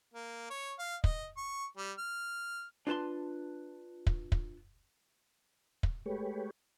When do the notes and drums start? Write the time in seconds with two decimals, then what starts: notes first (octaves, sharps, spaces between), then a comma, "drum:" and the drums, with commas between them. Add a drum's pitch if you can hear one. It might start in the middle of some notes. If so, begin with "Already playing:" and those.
0.14 A#3
0.50 C#5
0.79 F5
1.04 D#5, drum: kick
1.37 C#6
1.77 G3
1.98 F6
2.87 D4 F4 B4 A5 C6
4.07 drum: kick
4.32 drum: kick
5.83 drum: kick
6.06 G#3 A3 G4 B4 C#5